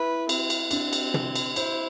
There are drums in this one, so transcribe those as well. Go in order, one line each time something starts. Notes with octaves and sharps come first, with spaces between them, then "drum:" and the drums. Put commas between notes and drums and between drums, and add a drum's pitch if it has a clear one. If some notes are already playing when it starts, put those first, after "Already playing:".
Already playing: E4 B4
C4, drum: cymbal
drum: cymbal
C4 D4, drum: cymbal
drum: cymbal
drum: tom
drum: cymbal
E4 C5, drum: cymbal